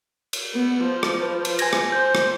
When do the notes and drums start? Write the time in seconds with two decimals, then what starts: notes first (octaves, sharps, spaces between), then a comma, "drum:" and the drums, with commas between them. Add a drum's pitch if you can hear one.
0.33 drum: cymbal
0.55 B3
0.84 F3
1.03 drum: rim click
1.22 B4
1.45 drum: cymbal
1.59 G#5 G#6 A#6, drum: cymbal
1.73 drum: rim click
1.92 C5 G6
2.15 drum: rim click